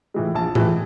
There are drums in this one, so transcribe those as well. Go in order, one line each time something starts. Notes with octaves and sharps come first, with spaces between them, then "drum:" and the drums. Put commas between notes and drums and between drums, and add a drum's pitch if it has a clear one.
A2 E3 G#3
A#1 A5
A2 E3 G#3, drum: tom A2